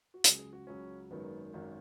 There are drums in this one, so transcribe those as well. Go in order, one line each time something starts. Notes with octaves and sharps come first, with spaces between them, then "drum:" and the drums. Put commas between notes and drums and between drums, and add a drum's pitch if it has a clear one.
F#4
C#2 C#3 F#3 G#4, drum: hi-hat
G#4
F#4
C#2 C#3 F#3 C#4
G#1 F#2 D#3 F#3 B3
G#1 F#2 D#3 F#3